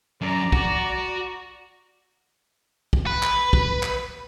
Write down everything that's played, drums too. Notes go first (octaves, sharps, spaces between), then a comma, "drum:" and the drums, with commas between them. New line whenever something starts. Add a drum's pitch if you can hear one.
F#2 D5 A#5
F#4, drum: kick
drum: kick
B4
drum: clap
drum: kick
drum: clap